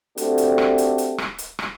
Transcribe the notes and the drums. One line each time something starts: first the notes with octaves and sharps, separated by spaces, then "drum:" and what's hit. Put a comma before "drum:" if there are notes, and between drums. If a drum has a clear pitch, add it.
A3 C4 D4 F#4 G4 A4, drum: hi-hat
drum: hi-hat
drum: rim click
drum: hi-hat
drum: hi-hat
drum: rim click
drum: hi-hat
drum: rim click